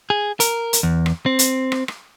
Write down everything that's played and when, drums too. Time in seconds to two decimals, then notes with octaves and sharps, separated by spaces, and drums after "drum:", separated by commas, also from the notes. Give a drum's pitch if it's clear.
0.10 G#4
0.40 A#4, drum: hi-hat
0.73 drum: hi-hat
0.83 E2
1.06 drum: rim click
1.26 C4
1.39 drum: hi-hat
1.72 drum: rim click
1.88 drum: rim click